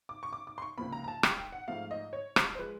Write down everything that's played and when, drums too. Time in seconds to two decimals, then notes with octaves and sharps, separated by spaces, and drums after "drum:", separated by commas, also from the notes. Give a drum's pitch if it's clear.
0.09 D6
0.23 C#6
0.33 D6
0.47 D6
0.58 C6
0.62 C#6
0.78 C#2 C3 F3 A#3 B5
0.92 A#5
1.04 A#5
1.08 A5
1.23 G5, drum: rim click
1.38 G5
1.52 F#5
1.68 G#2 F3 A3 F5
1.91 D#5
2.13 C#5
2.36 C5, drum: rim click
2.55 C5
2.59 F3 G#3 B4